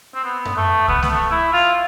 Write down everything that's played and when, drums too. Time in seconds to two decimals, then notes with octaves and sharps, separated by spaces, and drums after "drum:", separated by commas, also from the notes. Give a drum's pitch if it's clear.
0.15 C4
0.25 B3
0.45 drum: tom F#2
0.57 A3
0.88 B3, drum: kick C2
1.03 B3, drum: snare A3
1.10 A3
1.31 E4
1.53 F4